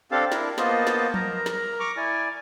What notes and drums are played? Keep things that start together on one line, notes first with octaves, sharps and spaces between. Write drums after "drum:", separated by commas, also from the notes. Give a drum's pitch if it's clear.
C4 D4 G4 A4 F5 A5
D4 E4 A#4, drum: snare
A#3 B3 F4 C5 D#5 A5, drum: snare
drum: snare
A#4 A#5, drum: tom F3
drum: snare
A#5 C#6 D6 F6
E4 D5 G#5